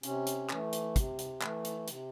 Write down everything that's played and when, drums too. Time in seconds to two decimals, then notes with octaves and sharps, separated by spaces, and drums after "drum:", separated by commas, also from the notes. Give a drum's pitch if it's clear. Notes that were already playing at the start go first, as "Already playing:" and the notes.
0.03 C3 C#4, drum: hi-hat
0.27 drum: hi-hat
0.50 E3 A3, drum: clap
0.73 drum: hi-hat
0.96 C3, drum: kick, hi-hat
1.19 drum: hi-hat
1.42 E3 A3, drum: clap
1.65 drum: hi-hat
1.88 C3, drum: hi-hat